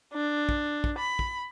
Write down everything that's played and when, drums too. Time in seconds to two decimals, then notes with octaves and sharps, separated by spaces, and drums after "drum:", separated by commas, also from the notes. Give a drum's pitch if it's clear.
0.14 D4
0.49 drum: kick
0.84 drum: kick
0.98 B5
1.19 drum: kick